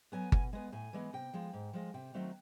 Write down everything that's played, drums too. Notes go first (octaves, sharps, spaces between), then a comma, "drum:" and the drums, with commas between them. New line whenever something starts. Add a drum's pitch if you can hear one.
F#3 B3 G#5
B2 G#5, drum: kick G1
G#3 B3 G#5
A2 G#5
E3 G#3 B3
C3 G5
F3 G#3
G#2
F3 G#3
C3 G5
D#3 F#3 A3 C4